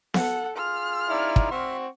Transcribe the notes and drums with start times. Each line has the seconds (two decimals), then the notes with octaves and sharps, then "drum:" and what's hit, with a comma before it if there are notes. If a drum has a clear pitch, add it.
0.14 A4 F#5, drum: snare B3
0.57 F4 G#4 F6
1.10 D#4 E4 D5
1.36 drum: kick
1.51 C4 E5 F#5 C6 C#6